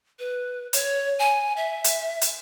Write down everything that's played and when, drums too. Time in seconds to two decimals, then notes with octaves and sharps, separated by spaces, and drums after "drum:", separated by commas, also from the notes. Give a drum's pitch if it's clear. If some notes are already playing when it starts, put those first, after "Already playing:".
0.19 B4
0.73 C#5, drum: hi-hat
1.19 G#5
1.57 E5
1.84 drum: hi-hat
2.21 drum: hi-hat